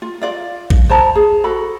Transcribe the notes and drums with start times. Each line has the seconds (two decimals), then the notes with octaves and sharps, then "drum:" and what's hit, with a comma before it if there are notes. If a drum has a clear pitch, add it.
0.02 F4
0.22 F4 D5 F5
0.70 drum: kick
0.89 C5 A5 A#5
1.15 G#4
1.44 F#4 A4 B5